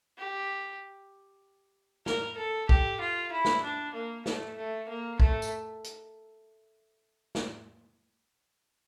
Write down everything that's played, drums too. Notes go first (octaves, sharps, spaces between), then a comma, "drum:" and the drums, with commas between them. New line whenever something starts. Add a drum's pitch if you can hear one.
G4
A#4, drum: snare
A4
G4, drum: kick
F4
E4
drum: snare
D4
A#3
A3, drum: snare
A3
A#3
A3, drum: kick
drum: tambourine
drum: hi-hat
drum: snare